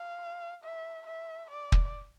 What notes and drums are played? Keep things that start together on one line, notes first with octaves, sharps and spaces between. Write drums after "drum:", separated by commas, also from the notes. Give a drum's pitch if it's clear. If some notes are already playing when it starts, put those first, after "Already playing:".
Already playing: F5
E5
E5
D5
drum: kick